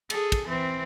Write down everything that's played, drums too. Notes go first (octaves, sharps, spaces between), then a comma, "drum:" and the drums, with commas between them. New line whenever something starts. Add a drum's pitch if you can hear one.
G#4 A4, drum: cymbal
drum: kick, cymbal
E3 C4